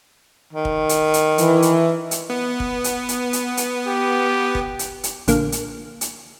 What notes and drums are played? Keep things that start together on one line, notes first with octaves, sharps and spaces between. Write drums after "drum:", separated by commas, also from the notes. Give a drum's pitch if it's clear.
D#3
drum: kick
drum: hi-hat
drum: hi-hat
E3, drum: hi-hat
drum: hi-hat
drum: hi-hat
B3
drum: kick
drum: hi-hat
drum: hi-hat
drum: hi-hat
drum: hi-hat
G4
drum: kick
drum: hi-hat
drum: hi-hat
A#1 D3 A#3, drum: hi-hat
drum: hi-hat
drum: hi-hat